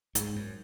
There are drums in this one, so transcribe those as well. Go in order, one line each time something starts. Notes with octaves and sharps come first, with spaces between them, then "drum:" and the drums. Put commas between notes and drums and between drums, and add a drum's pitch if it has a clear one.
G#2, drum: hi-hat
F#2